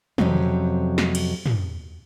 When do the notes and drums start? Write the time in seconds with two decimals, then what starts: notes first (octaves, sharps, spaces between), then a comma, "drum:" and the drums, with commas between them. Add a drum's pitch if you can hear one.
0.18 F2 C3 F#3 C#4, drum: tom
0.98 drum: snare
1.15 drum: cymbal
1.46 drum: tom